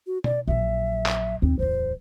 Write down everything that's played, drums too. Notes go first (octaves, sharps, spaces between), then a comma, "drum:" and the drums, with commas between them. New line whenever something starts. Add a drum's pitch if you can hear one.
F#4
D5, drum: tom
A#1 F#3 E5
drum: clap
D#2 C4
D1 E2 C5